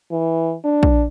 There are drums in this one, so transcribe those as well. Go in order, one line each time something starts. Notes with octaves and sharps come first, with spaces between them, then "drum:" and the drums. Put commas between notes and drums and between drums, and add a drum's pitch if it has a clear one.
E3
D4
drum: kick A#1